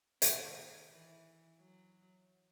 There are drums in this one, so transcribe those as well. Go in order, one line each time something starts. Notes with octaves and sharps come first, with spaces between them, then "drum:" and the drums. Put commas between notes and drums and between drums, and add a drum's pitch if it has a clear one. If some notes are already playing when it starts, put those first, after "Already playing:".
D#3, drum: hi-hat
E3
F#3